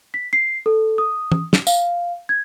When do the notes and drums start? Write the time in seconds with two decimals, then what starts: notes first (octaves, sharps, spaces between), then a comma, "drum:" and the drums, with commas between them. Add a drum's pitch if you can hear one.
0.14 B6
0.33 C7
0.66 A4
0.98 D#6
1.32 drum: tom
1.53 drum: snare
1.67 F5, drum: tambourine
2.29 G#6